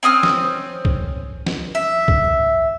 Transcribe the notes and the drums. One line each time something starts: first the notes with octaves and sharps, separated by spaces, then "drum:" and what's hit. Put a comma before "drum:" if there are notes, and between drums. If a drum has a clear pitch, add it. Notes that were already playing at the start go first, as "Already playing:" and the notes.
C4 C#4 D#6 F6
drum: snare
drum: kick
drum: snare
E5
drum: kick